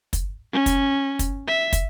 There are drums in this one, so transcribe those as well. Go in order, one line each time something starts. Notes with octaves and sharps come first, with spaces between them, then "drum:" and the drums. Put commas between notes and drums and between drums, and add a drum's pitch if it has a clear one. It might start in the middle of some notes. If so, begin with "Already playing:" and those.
drum: kick, hi-hat
C#4
drum: kick, hi-hat
drum: kick, hi-hat
E5
drum: kick, hi-hat